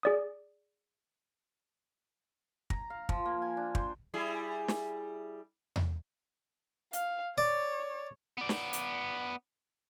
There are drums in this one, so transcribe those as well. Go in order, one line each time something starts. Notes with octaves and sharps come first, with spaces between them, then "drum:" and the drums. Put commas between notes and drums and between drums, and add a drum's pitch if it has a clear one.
G#4 D5 D#6
A#5, drum: kick
F5
F3, drum: kick
A#3
G#5
D4
C5, drum: kick
G3 E4 G#4
drum: snare
drum: tom E2
F5, drum: hi-hat
C#5 D5
B3 D5
drum: snare
drum: hi-hat